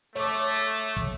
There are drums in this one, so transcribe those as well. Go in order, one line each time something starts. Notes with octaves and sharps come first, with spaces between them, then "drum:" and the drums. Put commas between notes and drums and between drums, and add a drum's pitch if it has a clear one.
A3 C#5 D6, drum: hi-hat
drum: hi-hat
drum: hi-hat
drum: kick, hi-hat